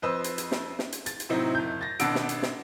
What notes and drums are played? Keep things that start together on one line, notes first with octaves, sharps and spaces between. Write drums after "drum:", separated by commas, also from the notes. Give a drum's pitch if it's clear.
F2 B4 C5 D#5 E6
drum: hi-hat
drum: hi-hat
drum: snare
drum: snare
drum: hi-hat
A6, drum: hi-hat
drum: hi-hat
A2 C3 F#3 C4 D#4 E4
F#1 G6
A6 A#6
G#1 B2 D4 F#5 E6 D7, drum: hi-hat
drum: snare
drum: hi-hat
drum: snare